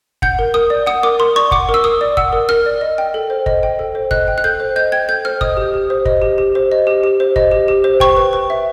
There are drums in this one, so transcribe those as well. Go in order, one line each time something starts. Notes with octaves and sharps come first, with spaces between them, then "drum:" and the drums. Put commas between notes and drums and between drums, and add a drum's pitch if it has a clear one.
F#5 G6, drum: kick
A#4
A#4 D#6
D5
F#5 D#6
A#4 D6
A#4 C6
D5 C#6
F#5 D6, drum: kick
A#4
E6
A#4 D#6
D5
F#5 E6, drum: kick
A#4
A#4 F6
D5
D#5
G5
A4
C5
D#5, drum: kick
G5
A4
C5
D#5 F#6, drum: kick
G5
F#6
A4 G6
C5
D#5 G6
G5 G#6
A4 G6
C5 F6
D#5 D#6, drum: kick
G4
G4
C5
D#5, drum: kick
G4
G4
C5
D#5
G4
G4
C5
D#5, drum: kick
G4
G4
C5
G5 C#6, drum: kick
B4
B4
E5